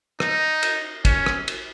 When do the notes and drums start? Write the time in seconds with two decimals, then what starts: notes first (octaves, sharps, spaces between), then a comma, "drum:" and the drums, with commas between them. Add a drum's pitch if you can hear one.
0.20 D#4, drum: rim click
0.63 drum: cymbal
1.05 C#4, drum: kick, cymbal
1.26 drum: rim click
1.48 drum: cymbal